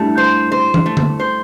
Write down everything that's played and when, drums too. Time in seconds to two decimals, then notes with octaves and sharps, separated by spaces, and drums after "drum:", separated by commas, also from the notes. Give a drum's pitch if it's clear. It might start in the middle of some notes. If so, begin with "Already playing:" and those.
Already playing: G3 A3 D4 E4 G4
0.18 C5
0.52 C5
0.74 drum: tom
0.86 A3
0.97 drum: tom
1.20 C5